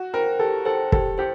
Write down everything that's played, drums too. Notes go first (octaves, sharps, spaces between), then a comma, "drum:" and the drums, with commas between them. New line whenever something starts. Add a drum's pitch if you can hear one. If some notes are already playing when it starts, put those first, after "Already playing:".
Already playing: F#4
A#4 C5 G5
G4 A4
A4 C5 G5
G4 A4, drum: kick
G4 C5